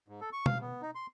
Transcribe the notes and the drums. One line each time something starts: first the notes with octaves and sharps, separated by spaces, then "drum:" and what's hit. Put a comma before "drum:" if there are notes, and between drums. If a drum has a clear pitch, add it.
G#2
A4
C#6
F5, drum: tom
B3
D#4
C6